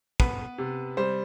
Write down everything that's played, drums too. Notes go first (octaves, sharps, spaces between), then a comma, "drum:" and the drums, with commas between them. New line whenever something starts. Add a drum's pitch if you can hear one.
B3 B4, drum: kick
C3
G3 C5